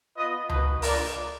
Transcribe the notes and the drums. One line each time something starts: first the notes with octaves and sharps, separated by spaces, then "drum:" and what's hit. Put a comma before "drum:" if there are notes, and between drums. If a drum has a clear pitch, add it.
B3 F4 B4 D#5
A#3 D#4 F#4 B4 D#5, drum: tom C#2
A#3 D4 F4 A#4 D5, drum: open hi-hat